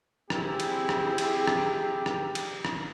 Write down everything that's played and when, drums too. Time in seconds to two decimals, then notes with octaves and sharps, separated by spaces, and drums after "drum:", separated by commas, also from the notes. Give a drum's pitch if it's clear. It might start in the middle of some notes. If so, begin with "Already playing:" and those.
0.30 C4 E4 G4 G#4, drum: rim click
0.60 drum: cymbal
0.89 drum: rim click
1.18 drum: cymbal
1.47 drum: rim click
2.06 drum: rim click
2.35 drum: cymbal
2.65 drum: rim click